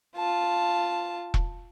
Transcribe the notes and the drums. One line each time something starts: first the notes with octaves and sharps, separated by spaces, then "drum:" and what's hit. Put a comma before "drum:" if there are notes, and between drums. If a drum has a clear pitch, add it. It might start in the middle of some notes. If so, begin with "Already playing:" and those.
F4 A5
drum: kick E1